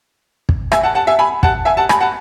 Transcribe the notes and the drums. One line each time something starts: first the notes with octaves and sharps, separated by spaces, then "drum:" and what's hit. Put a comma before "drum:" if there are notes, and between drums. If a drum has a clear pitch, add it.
drum: kick
E5 G#5, drum: rim click
F#5 A5
F#5 A5
E5 G#5
G#5 B5
F#5 A5, drum: kick
E5 G#5
F#5 A5
G#5 B5, drum: rim click
F#5 A5